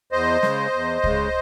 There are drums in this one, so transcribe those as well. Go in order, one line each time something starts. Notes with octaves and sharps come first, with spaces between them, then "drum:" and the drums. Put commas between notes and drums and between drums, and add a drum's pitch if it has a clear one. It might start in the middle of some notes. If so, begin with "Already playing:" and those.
E2 C5 D#5
C#3 G#3, drum: snare
E2
C#3 G#3, drum: kick C#2